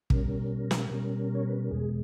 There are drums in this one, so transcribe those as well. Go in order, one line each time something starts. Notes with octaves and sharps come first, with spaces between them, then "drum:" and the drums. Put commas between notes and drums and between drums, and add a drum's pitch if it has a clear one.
B2 G3 C#4 A#4, drum: kick
drum: snare
B2 G3 C#4
C#5
B4
A#4
E2 B2 G#3 G#4